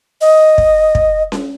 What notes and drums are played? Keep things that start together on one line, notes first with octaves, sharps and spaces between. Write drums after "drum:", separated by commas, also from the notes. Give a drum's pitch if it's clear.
D#5
drum: kick
drum: kick
drum: snare C#4